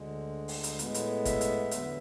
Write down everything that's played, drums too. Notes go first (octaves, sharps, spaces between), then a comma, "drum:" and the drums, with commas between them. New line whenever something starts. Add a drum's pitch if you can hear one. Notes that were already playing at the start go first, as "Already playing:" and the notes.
Already playing: D2 D3 G#3
drum: open hi-hat
drum: hi-hat
A2 G#3 B3, drum: hi-hat
drum: hi-hat
E5, drum: kick, hi-hat
drum: hi-hat
E2 D3 F#3 B3, drum: hi-hat